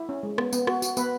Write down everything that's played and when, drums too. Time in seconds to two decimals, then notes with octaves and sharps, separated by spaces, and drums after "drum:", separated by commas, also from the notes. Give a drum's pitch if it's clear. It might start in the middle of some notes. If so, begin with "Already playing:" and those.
Already playing: E4
0.09 C#4
0.23 G#3
0.38 B3, drum: rim click
0.53 B3, drum: tambourine
0.67 F#4, drum: rim click
0.82 F#4, drum: tambourine
0.97 B3 B4, drum: tambourine